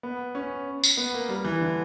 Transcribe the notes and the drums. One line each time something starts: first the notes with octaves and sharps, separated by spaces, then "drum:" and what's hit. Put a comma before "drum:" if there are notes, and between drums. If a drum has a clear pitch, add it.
B3
C#4
drum: tambourine
B3
A#3
G3
E3
D3